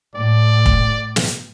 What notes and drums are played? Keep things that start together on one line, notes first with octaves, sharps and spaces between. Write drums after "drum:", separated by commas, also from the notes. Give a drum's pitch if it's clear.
A2 D5
drum: kick
drum: snare